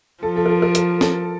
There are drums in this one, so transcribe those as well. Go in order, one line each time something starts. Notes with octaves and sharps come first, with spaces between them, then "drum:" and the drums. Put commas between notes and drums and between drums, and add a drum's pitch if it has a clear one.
F3 A4
A4
A#4
A4
A#4
A#4, drum: hi-hat
A4, drum: snare